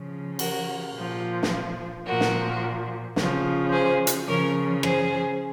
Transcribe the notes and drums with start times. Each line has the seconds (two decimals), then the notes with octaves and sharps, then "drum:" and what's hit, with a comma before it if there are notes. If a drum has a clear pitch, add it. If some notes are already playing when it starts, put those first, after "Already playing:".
Already playing: C#3 F3
0.39 F#4 A#4, drum: cymbal
0.95 A#2 F3
1.43 drum: snare
2.05 A#2 F3 F#4 A#4
2.20 drum: snare
3.16 C#3 F3, drum: snare
3.71 G#4 C5
4.07 drum: hi-hat
4.28 C#3 F3 A#4 C#5
4.83 G#4 C5, drum: rim click